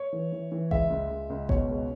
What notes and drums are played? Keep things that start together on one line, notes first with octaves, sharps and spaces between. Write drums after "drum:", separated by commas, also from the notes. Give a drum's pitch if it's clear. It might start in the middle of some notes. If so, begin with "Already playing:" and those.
Already playing: C#5
E3
E3
E3
C#2 E5, drum: kick G1
C#2
C#2
C#2
B2 C#5, drum: kick G1
C#2